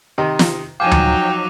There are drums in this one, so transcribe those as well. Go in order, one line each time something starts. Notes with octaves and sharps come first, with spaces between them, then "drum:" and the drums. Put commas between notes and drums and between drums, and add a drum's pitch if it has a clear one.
C3 D#3 D#5
drum: snare
F3 F#3 D#4 F5 G5 G#5 D6 D#7
drum: tom D2